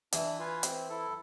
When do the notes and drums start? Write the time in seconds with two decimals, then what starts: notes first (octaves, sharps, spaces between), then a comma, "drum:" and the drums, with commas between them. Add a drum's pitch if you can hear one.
0.12 E3 D4, drum: hi-hat
0.39 F4 B4 F5 G#5
0.63 C4, drum: hi-hat
0.89 E4 A4